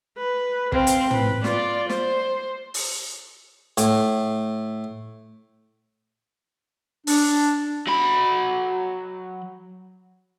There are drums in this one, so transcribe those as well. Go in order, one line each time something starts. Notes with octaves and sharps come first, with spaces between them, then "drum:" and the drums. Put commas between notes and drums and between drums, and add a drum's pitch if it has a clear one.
B4
C4 F5, drum: kick
drum: hi-hat
B4, drum: tom
F4 D5, drum: snare
C5, drum: snare
drum: open hi-hat
A2, drum: hi-hat
D4, drum: open hi-hat
F#3 B5